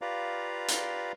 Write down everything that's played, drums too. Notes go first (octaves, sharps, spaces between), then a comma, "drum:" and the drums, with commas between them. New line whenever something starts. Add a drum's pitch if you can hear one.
F4 G4 B4 D5 F5 A#5
drum: hi-hat